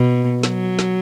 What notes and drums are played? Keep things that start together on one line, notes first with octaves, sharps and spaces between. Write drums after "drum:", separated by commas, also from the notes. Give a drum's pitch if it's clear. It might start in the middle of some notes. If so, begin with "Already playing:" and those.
Already playing: B2
F#3, drum: snare
drum: snare